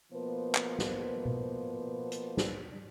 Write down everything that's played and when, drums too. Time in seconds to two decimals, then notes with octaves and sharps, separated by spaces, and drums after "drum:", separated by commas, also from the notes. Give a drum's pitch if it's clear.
0.13 B2 F3 A#3 B3 B4 C5
0.55 drum: clap
0.78 drum: snare
1.25 drum: tom B2
2.12 drum: hi-hat
2.37 drum: snare